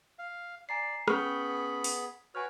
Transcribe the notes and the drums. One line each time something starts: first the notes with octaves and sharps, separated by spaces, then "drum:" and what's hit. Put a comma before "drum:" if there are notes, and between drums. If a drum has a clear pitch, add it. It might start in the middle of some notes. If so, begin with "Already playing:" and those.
F5
D5 G#5 A#5 C7
B3 C#4 G#4 B5 C#6 F6, drum: rim click
drum: open hi-hat
F#4 B4 C#5 G#5 F6